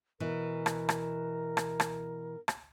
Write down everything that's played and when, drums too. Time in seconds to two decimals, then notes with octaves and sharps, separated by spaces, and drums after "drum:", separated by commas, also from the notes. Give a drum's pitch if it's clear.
0.20 B2 E3 A#4
0.66 drum: rim click
0.89 drum: rim click
1.57 drum: rim click
1.80 drum: rim click
2.48 drum: rim click